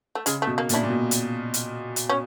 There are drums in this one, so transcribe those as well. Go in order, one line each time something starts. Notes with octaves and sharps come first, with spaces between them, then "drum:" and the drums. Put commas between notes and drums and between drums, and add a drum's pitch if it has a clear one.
A3
C#3 G#3, drum: hi-hat
A3
B2
A#3
A#2, drum: hi-hat
D4 E4
A#2
B2
drum: hi-hat
drum: hi-hat
drum: hi-hat
C#4